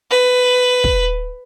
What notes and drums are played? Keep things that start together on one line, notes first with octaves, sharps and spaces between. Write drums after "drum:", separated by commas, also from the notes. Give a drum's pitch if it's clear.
B4
drum: kick